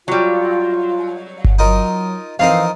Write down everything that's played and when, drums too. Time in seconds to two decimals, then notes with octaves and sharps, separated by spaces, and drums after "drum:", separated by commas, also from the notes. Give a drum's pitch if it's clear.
0.08 F#3 G3 F4
1.44 drum: kick G1
1.59 F#3 D#4 F4 A#4
2.39 E3 F3 C4 D#4 A#4 F5